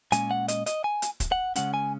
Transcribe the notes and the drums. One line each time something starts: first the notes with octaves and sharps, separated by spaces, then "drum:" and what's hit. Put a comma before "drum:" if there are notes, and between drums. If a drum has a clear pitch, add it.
A#2 G#3 C#4 G#5, drum: hi-hat
F#5
D#5, drum: hi-hat
D#5, drum: hi-hat
G#5
drum: hi-hat
drum: kick, hi-hat
F#5
C#3 G#3 C#4 F#5, drum: hi-hat
G#5